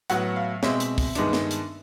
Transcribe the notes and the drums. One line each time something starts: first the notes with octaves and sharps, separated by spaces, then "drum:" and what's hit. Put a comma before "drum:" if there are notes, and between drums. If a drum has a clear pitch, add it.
A2 F#3 B3 F#5, drum: hi-hat
F5
B2 G#3 C4 E5, drum: snare
drum: hi-hat
drum: kick, open hi-hat
G2 D#3 G#3 B3 D4, drum: hi-hat
drum: snare
drum: hi-hat